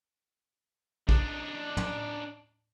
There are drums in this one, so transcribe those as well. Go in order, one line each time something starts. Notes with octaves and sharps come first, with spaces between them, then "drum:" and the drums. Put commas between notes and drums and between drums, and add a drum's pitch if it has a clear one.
D4 D#4, drum: kick
drum: tom